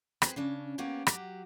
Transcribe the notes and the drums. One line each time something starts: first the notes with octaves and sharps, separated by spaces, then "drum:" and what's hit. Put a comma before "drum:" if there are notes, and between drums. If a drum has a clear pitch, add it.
C4 G#4 B4 C5, drum: rim click
C#3 C#4 D4
A#3 B3 C#4 G4
F#3 F#4 G4, drum: rim click